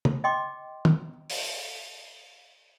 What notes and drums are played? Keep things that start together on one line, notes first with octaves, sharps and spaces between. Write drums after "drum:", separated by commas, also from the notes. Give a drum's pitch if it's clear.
drum: tom
D#5 G5 C6 D6
drum: tom
drum: open hi-hat